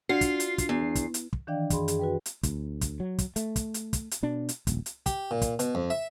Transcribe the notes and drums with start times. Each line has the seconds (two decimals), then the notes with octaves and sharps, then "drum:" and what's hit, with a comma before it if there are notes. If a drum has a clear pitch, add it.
0.09 D4 F4 F#4 C7
0.21 drum: kick, hi-hat
0.40 drum: hi-hat
0.58 drum: kick, hi-hat
0.69 E2
0.95 drum: kick, hi-hat
1.14 drum: hi-hat
1.33 drum: kick
1.47 D#3 E3 D4 D5 F5 G5
1.70 F#2 G#4 B5 C6, drum: kick, hi-hat
1.88 G#4, drum: hi-hat
1.99 F#4 B4 G5
2.26 drum: hi-hat
2.43 D2, drum: kick, hi-hat
2.81 drum: kick, hi-hat
3.00 F#3
3.19 drum: kick, hi-hat
3.36 A3, drum: hi-hat
3.56 drum: kick, hi-hat
3.74 drum: hi-hat
3.93 drum: kick, hi-hat
4.11 drum: hi-hat
4.23 B2 D4
4.49 drum: hi-hat
4.67 D#1 A#1, drum: kick, hi-hat
4.86 drum: hi-hat
5.06 G4, drum: kick, hi-hat
5.31 A#2
5.42 drum: kick, hi-hat
5.59 B2, drum: hi-hat
5.75 F2
5.90 E5